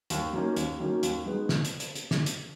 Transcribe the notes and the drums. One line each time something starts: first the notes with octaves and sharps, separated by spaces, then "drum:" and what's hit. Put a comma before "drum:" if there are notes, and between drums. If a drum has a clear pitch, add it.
D#2, drum: hi-hat
D#3 F#3 A#3 C#4
D#2, drum: hi-hat
D#3 F#3 A#3 C#4
D#2, drum: hi-hat
D#3 G#3 B3
drum: snare
drum: hi-hat
drum: hi-hat
drum: hi-hat
drum: snare
drum: hi-hat